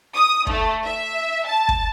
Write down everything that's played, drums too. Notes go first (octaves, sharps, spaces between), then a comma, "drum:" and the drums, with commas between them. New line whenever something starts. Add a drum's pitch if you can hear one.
D#6
A3, drum: kick
E5
A5
drum: kick